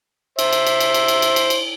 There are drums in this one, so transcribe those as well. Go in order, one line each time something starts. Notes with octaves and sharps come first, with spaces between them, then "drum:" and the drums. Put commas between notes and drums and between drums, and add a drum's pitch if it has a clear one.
C5 E5, drum: cymbal
drum: cymbal
drum: cymbal
drum: cymbal
drum: cymbal
drum: cymbal
drum: cymbal
drum: cymbal
drum: cymbal